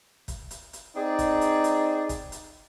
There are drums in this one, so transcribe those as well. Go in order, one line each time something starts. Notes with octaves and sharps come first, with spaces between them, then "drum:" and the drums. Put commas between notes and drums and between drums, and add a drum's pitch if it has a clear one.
drum: kick, hi-hat
drum: hi-hat
drum: hi-hat
C4 D#4 G#4 D5
drum: kick, hi-hat
drum: hi-hat
drum: hi-hat
drum: kick, hi-hat
drum: hi-hat